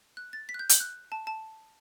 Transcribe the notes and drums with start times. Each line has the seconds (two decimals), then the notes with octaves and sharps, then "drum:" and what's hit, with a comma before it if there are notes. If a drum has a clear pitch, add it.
0.17 F#6
0.33 A6
0.49 B6
0.54 F#6
0.59 G6
0.69 G6, drum: hi-hat
0.80 F#6
1.12 A5
1.27 A5